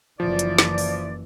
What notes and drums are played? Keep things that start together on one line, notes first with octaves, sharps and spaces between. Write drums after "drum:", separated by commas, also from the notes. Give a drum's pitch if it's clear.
F#1 E3 F3 D5
drum: hi-hat
drum: snare
drum: open hi-hat